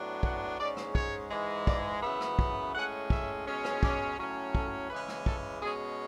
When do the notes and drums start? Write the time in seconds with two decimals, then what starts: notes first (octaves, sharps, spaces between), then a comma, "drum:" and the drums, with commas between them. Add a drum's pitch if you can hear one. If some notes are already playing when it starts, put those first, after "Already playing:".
Already playing: A2 F#3 B3 D4
0.23 F#5, drum: kick
0.59 G#2 G#3 C#4 D5
0.77 drum: rim click
0.95 C#5, drum: kick
1.31 G#2 E3 G#3
1.67 D5, drum: kick
2.03 F#2 C#3 E3 B3 E5
2.21 drum: rim click
2.39 drum: kick
2.75 A2 G#3 C#4 F#5
3.10 E5, drum: kick
3.46 B2 G#3 C#4
3.65 drum: rim click
3.83 D5, drum: kick
4.19 A2 F#3 C#4
4.55 A4, drum: kick
4.90 C#3 E3 G#3 C#4 B4
5.08 drum: rim click
5.26 A4, drum: kick
5.62 B2 G#3 C#4 G#4